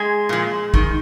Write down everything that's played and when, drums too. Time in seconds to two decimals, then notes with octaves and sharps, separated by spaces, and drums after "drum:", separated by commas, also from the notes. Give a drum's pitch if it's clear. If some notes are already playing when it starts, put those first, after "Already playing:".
Already playing: G#3 G#4
0.29 A#2 F3
0.74 D#3, drum: kick